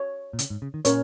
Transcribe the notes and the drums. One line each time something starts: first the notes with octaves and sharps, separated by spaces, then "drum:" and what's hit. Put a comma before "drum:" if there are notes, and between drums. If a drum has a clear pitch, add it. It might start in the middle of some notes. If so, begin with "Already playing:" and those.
Already playing: C#5
A#2
C#3, drum: hi-hat
G#2
C#3
D#3
A#2 C#4 A#4 C#5, drum: hi-hat